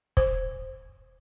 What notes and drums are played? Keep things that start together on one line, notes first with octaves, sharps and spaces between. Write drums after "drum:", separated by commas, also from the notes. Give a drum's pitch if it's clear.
C5, drum: kick